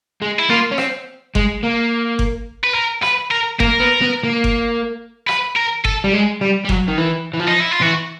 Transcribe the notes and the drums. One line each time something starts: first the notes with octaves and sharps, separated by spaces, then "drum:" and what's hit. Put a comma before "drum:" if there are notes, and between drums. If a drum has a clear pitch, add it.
G#3
E4
A#3 F4
C#4
C4, drum: rim click
G#3, drum: kick G1
A#3
drum: kick G1
B4
A#4
B4, drum: rim click
A#4
A#3 A#4, drum: kick G1
B3
B3
A#3
drum: kick G1
B4, drum: rim click
A#4
A4, drum: kick G1
G3
G#3
G3
G3
F#3, drum: kick G1
D#3
E3
E3
F3
D#4
E4
F4
E3 F#4